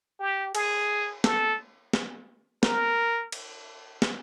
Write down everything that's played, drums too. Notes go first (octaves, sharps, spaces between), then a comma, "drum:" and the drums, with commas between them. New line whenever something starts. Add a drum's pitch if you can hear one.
G4
G#4, drum: cymbal
A4, drum: snare
drum: snare
A#4, drum: snare
drum: cymbal
drum: snare